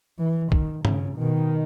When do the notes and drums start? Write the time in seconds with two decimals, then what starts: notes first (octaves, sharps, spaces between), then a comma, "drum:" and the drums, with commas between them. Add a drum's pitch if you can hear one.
0.19 E3
0.52 D#3, drum: kick
0.85 C#3, drum: tom
1.18 B2 D#3